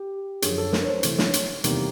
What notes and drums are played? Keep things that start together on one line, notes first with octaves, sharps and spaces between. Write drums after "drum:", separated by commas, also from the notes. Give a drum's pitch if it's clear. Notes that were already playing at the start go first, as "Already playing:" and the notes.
Already playing: G4
F#2 D3 F3 G#4, drum: hi-hat
A4
A#4, drum: snare
C#5
C5
C3 E3 A3 C#5, drum: hi-hat
drum: snare
drum: hi-hat
E2 C3 D#3 G3 A#3, drum: hi-hat